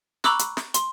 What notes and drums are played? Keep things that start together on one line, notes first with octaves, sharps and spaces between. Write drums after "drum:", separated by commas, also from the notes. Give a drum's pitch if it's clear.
A#5 B5 C#6 D6 E6 F#6, drum: snare
drum: hi-hat
drum: snare
C6, drum: hi-hat